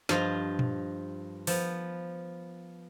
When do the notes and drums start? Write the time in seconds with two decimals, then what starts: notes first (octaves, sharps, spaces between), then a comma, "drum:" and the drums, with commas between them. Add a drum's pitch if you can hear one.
0.09 G2 F3 F4 D#5, drum: snare
0.59 drum: tom A#2
1.47 F3 B3, drum: open hi-hat